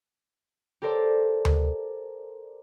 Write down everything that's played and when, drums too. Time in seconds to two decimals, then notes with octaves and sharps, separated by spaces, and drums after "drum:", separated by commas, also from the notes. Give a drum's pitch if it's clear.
0.82 G4 A4 A#4 C5 D5
1.45 drum: tom D2